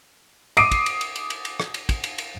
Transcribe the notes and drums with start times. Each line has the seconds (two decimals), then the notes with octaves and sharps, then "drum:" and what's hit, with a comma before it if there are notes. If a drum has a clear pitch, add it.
0.57 D6 D#6 C7 D7 D#7, drum: cymbal
0.71 drum: kick, cymbal
0.86 drum: cymbal
1.01 drum: cymbal
1.16 drum: cymbal
1.30 drum: cymbal
1.45 drum: cymbal
1.60 drum: rim click
1.74 drum: cymbal
1.89 drum: kick, cymbal
2.04 drum: cymbal
2.18 drum: cymbal